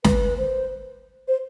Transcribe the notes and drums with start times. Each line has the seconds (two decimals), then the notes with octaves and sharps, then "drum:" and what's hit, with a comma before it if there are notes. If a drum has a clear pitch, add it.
0.04 B4, drum: snare
0.38 C5
1.28 C5